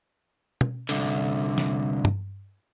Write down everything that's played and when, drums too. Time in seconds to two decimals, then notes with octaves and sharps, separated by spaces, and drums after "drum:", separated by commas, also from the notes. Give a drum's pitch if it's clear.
0.61 drum: tom
0.89 C2 D3, drum: hi-hat
1.58 drum: snare
2.05 drum: tom G2